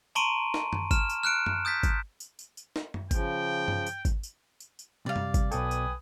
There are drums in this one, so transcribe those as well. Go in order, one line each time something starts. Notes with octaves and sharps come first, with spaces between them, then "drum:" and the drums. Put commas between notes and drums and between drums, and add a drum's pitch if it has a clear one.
A5 A#5 C6 C#6 D7 D#7
drum: snare
drum: tom F#2
F6 E7, drum: kick G#1, tambourine
drum: tambourine
F6 F#6 C#7 D7
drum: tom F#2
D#6 G6 A6 B6
drum: kick G#1, tambourine
drum: tambourine
drum: tambourine
drum: tambourine
drum: snare
drum: tom F#2
C#3 F3 G5, drum: kick G#1, tambourine
drum: tom G2
drum: tambourine
drum: kick G#1, tambourine
drum: tambourine
drum: tambourine
drum: tambourine
C3 G3 D5 F5
drum: tom F#2
drum: kick G#1, tambourine
B1 B2 A4 B4 G5 G#5 D#6, drum: tambourine
drum: tambourine